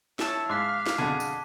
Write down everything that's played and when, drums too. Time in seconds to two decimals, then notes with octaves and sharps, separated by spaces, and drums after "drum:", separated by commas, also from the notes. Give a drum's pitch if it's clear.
0.19 E4 C#5 E5 A5 E6, drum: snare
0.50 G#2 F5 D6 F#6 B6
0.86 drum: snare
0.98 F2 B2 D3 G#4 A5
1.20 drum: tambourine